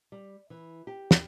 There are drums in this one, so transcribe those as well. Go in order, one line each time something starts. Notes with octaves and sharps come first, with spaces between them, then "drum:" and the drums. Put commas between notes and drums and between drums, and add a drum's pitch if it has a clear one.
G3
E3
G4
drum: snare